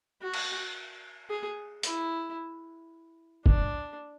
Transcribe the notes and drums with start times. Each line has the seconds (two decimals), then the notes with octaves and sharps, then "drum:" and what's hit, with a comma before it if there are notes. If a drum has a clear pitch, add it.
0.21 F#4
0.34 drum: cymbal
1.29 G#4
1.83 E4, drum: hi-hat
3.46 D4, drum: kick